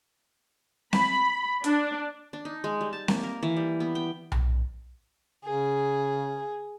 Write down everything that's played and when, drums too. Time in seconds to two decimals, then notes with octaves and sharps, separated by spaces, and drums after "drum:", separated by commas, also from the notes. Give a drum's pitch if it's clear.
0.93 B5, drum: snare C4
1.64 D4, drum: hi-hat
2.33 D4
2.45 D#4
2.64 G#3
2.81 G3
2.93 A5
3.08 A#3, drum: snare C4
3.23 A#4
3.43 E3
3.56 G3
3.80 B3
3.95 G5
4.32 drum: tom B1
5.45 C#3 G#4